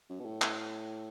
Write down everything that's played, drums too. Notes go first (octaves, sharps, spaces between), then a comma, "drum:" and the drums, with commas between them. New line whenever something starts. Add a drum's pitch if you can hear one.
F#2
B2
A2
drum: clap